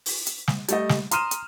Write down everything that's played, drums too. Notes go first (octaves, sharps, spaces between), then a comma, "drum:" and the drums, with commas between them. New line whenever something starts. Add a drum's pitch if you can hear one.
drum: open hi-hat
drum: hi-hat
drum: snare
G3 A3 D#5, drum: hi-hat
drum: snare
A#5 C6 D#6 F6 D#7 E7, drum: hi-hat
drum: hi-hat